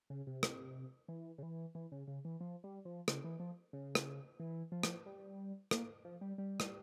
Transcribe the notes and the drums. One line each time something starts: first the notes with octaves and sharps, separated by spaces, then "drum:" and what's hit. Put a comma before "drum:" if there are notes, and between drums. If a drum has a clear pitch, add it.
C#3
C3
drum: rim click
E3
C#3
E3
E3
C#3
C#3
E3
F3
G3
F3
C#3, drum: rim click
E3
F3
C#3
drum: rim click
E3
F3
drum: rim click
G3
A#3, drum: rim click
F3
G3
G3
drum: rim click